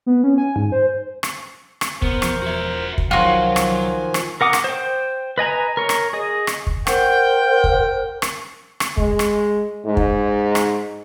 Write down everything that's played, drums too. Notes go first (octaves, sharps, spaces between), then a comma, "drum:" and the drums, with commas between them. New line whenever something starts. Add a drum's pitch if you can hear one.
B3
C#4
G#5
G#2
C5
drum: rim click
drum: rim click
B3 A#4 C5, drum: kick
E1 E2 F3, drum: rim click
F#4 E5
drum: kick
C2 D#3 F3 F#3 F4 F#4 G#5
drum: rim click
drum: rim click
A#4 F#5 D6 D#6
drum: rim click
C5 G5
B4 D#5 G#5 A#5
A#4 C#5
drum: rim click
G#4 D#5
drum: rim click
drum: kick
A#4 C5 F#5 G5, drum: rim click
drum: kick
drum: rim click
drum: rim click
G#3, drum: kick
drum: rim click
G#2
drum: kick
drum: rim click